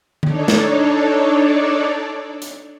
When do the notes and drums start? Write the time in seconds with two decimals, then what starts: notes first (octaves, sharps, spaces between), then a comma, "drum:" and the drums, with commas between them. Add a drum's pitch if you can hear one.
0.23 D4 D#4 A4 C#5 D5, drum: tom D3
0.48 drum: snare
2.42 drum: hi-hat